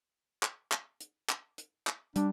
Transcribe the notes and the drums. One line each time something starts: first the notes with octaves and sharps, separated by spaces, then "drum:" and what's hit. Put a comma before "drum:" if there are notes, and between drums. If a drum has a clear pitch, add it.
drum: clap
drum: clap
drum: hi-hat
drum: clap
drum: hi-hat
drum: clap
G3 D4, drum: hi-hat